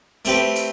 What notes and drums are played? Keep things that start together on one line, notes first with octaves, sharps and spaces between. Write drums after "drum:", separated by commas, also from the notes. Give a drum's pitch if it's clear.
A3 C4 G4 B4, drum: hi-hat
drum: hi-hat